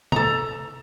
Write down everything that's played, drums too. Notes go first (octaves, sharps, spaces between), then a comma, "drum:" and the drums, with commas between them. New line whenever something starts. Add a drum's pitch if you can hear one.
A4 A#5, drum: tom